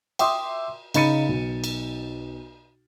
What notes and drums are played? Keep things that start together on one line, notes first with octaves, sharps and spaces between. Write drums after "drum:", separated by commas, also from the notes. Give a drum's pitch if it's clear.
E5 G5 C6 D6 D#6, drum: cymbal
C#3 D#4 B5 A6 C#7 D#7, drum: cymbal
B1
drum: cymbal